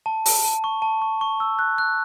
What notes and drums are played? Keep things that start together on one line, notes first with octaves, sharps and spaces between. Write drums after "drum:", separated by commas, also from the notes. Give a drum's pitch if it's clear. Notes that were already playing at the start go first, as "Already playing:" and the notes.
A5
A5, drum: open hi-hat
A5
C#6
A5
C#6
C#6
E6
F#6
F#6